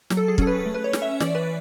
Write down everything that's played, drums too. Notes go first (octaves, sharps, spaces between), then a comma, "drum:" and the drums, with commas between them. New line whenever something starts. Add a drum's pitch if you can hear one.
F#3, drum: snare
A4
G#4
C#4 A4, drum: kick
B4
A3
B4
C#5
C#4, drum: snare
E5
E3 D5, drum: snare
B4